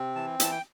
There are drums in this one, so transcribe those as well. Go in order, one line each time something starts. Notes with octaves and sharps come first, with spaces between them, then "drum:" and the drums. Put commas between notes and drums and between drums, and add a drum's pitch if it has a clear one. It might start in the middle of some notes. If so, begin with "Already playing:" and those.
Already playing: C3 C4
E3 A5
E3 A5, drum: hi-hat
G5